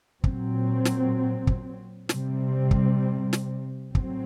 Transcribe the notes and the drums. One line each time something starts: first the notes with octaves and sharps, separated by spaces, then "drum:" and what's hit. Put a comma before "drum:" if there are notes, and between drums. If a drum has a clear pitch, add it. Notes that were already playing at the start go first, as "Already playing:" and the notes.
A#2 F#3 C4, drum: kick
drum: snare
drum: kick
C3 G3 C4, drum: snare
drum: kick
drum: snare
A2 F#3 C4, drum: kick